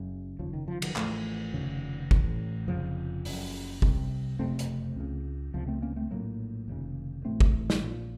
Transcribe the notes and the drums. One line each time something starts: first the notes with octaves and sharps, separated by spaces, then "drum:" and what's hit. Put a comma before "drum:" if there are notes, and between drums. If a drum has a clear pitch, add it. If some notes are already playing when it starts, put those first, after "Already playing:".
Already playing: F#1 F#2 C#3
F1 D#2 C#3 F3
D#3
F3
D#3 F#3, drum: cymbal
A1 A2 F3 A3, drum: clap
F1 D#2 C#3
A1 A2, drum: kick G1
F1 F2 C#3 F3
F#1 F#2 C#3, drum: open hi-hat
C2 C3, drum: kick G1
F#1 F2 C3 A3 C4
drum: hi-hat
C#2 C#3
C#2 C3 F3
A3 C4
A#3 C#4
A3 C4
A#1 A2 F#3 A#3
F1 D#2 C#3
A1 A2 A3 C4
drum: kick G1
drum: snare
A#1 A#2